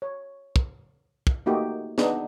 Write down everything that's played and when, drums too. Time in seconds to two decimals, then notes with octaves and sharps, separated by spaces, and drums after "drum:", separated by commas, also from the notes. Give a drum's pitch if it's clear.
0.02 C#5
0.56 drum: kick
1.27 drum: kick
1.46 A3 A#3 D#4 F#4 G4
1.98 B3 D4 D#4 G#4, drum: snare